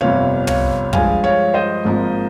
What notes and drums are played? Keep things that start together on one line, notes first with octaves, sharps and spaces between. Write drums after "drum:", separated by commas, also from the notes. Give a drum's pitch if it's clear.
G1 F2 C3 C#5 F5
C#5 F5, drum: tom
G2 F3 G#3 F5 G#5, drum: kick
C#5 F5
C5 D#5
G#1 G#2 F3 A#3